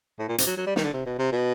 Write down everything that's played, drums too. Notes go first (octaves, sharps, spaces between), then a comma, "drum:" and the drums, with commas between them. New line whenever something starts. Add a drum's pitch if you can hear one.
A2
A#2
C3, drum: hi-hat
F#3
F#3
G3
D#3, drum: snare
D3
C3
B2
C3
B2